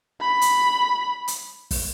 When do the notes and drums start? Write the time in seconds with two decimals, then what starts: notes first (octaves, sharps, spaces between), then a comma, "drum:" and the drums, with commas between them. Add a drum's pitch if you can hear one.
0.21 B5
0.42 drum: hi-hat
1.28 drum: hi-hat
1.71 drum: kick, open hi-hat